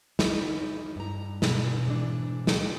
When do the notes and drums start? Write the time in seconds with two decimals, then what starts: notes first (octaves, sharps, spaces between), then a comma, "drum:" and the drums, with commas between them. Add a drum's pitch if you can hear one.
0.19 D#4 E4, drum: snare
0.96 G2 A#5
1.42 B2, drum: snare
1.86 G#2 E3 D4
2.47 drum: snare